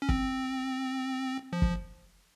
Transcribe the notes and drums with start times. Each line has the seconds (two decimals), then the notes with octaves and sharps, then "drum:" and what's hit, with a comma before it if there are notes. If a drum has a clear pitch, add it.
0.02 C#4
0.09 C4, drum: kick
1.53 F3
1.62 drum: kick